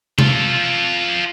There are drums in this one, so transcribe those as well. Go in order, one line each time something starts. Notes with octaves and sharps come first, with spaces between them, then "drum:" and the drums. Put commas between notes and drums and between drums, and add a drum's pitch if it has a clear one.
F4 A4, drum: tom C3